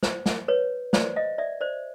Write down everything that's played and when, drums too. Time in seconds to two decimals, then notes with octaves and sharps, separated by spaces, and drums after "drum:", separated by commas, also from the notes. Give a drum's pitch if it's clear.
0.03 C5, drum: snare
0.26 drum: snare
0.48 B4 C#5
0.93 C5 D5, drum: snare
1.16 D#5 F5
1.38 D5 E5
1.61 C5 D5